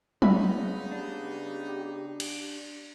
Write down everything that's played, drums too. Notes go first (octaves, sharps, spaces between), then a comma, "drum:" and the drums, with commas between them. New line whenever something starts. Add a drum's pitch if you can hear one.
C#3 B3 D#4 E5 B5, drum: tom F#3
D4 G4
drum: cymbal